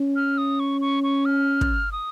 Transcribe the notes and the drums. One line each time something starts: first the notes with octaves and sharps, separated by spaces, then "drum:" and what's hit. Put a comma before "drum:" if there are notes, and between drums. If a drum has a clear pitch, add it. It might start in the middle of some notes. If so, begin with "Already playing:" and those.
Already playing: C#4
F6
D#6
C#6
C#6
C#6
F6
drum: kick
D#6